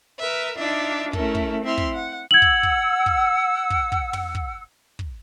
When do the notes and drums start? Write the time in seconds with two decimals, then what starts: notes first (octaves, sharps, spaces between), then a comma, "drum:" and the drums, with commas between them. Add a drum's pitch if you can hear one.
0.19 A#4 B4 E5
0.57 D4 D#4 F4 D5 E5
1.13 A3 C#4 E4 A4 A#4, drum: kick
1.35 drum: kick
1.63 C4 E4 E5 C6 F6
1.78 drum: kick
1.95 F#5
2.31 F#5 E6 G#6 F#7
2.42 drum: kick
2.63 drum: kick
3.06 drum: kick
3.70 drum: kick
3.92 drum: kick
4.13 drum: tom
4.35 drum: kick
4.99 drum: kick